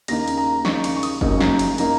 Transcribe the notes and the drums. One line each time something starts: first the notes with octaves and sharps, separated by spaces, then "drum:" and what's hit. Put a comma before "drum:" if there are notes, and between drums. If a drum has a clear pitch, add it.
D#2 C#3 A#3 D#4 A#6, drum: cymbal
drum: cymbal
A#5
D#2 C#3 A#3 D#4 C#6, drum: snare
C#6, drum: cymbal
C#6
D#6, drum: cymbal
F#1 F#2 C#3 A#3 D#4 C#6, drum: kick
drum: snare
drum: cymbal
C#3 A#3 D#4 A#5, drum: cymbal